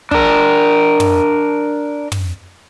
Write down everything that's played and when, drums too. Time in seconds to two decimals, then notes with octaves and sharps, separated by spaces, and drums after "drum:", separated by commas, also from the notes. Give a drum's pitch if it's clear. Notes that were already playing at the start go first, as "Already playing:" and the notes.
0.11 D4 A#4, drum: kick
1.00 drum: tom
2.12 drum: tom